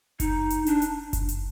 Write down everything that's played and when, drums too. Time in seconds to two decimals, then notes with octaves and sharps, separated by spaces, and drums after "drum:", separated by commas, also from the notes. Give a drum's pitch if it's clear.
0.20 D#4, drum: kick F#1, hi-hat
0.50 drum: hi-hat
0.66 D4, drum: hi-hat
0.82 drum: hi-hat
1.13 drum: kick F#1, hi-hat
1.29 drum: hi-hat